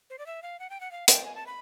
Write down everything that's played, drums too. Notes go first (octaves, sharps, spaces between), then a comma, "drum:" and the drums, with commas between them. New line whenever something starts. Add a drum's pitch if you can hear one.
C5
D5
E5
F5
F#5
G5
F#5
F5
G5, drum: hi-hat
G#5
A5
B5